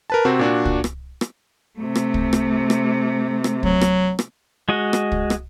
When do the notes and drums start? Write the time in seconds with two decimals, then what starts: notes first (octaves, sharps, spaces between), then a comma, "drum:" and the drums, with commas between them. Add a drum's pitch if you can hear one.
0.10 A#4 B4 A5
0.25 C3 C4 F#4
0.39 A#2 D4 F#4
0.65 drum: kick
0.84 drum: rim click
1.21 drum: rim click
1.79 C3 A3
1.95 drum: rim click
2.14 drum: kick
2.33 drum: rim click
2.70 drum: rim click
3.44 drum: rim click
3.63 F#3, drum: kick
3.81 drum: rim click
4.19 drum: rim click
4.69 G#3 F#4 D#5
4.93 drum: rim click
5.12 drum: kick
5.30 drum: rim click